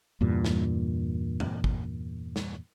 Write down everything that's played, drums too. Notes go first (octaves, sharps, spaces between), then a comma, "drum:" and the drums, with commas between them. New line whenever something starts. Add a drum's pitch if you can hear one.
E2 G2 A#2
drum: snare
drum: tom E2
drum: kick G#1
drum: snare